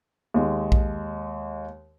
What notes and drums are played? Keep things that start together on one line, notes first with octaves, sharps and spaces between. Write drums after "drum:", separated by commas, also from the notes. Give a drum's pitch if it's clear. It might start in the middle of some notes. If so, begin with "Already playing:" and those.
D#2 G#3
drum: kick A#1